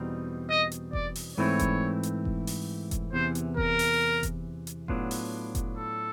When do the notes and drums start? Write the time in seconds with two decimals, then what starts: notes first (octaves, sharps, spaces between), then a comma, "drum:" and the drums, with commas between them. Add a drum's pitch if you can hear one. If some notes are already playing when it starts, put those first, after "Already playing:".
Already playing: E2 B2 G3 C4 D#4
0.50 D#5
0.72 drum: hi-hat
0.93 D5, drum: kick F1
1.15 drum: open hi-hat
1.38 G#2 E3 A3 C4 E4 C#5
1.59 drum: kick F1, hi-hat
2.03 drum: hi-hat
2.25 drum: kick F1
2.47 drum: open hi-hat
2.91 drum: kick F1, hi-hat
3.13 E2 C3 E3 C5
3.35 drum: hi-hat
3.57 A#4, drum: kick F1
3.79 drum: open hi-hat
4.23 drum: kick F1, hi-hat
4.67 drum: hi-hat
4.88 A2 F#3 B3 D4 F4, drum: kick F1
5.11 drum: open hi-hat
5.55 drum: kick F1, hi-hat
5.77 A4